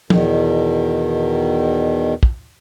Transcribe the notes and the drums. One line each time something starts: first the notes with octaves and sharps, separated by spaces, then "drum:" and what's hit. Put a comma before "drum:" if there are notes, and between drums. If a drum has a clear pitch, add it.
E2 B2 D#3, drum: tom F3
drum: kick